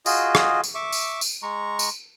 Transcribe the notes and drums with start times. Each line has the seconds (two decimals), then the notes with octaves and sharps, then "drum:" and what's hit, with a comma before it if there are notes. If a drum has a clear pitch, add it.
0.06 F4 F#4 G#4 D#5, drum: tambourine
0.35 drum: rim click
0.64 drum: tambourine
0.75 E5 C#6 D6
0.92 drum: tambourine
1.21 drum: tambourine
1.43 G#3 A#5 C#6
1.79 drum: tambourine